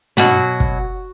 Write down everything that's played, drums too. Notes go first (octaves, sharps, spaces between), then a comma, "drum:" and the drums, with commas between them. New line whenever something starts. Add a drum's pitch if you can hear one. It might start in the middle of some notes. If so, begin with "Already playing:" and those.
B2 F#3 F#4, drum: tom
drum: kick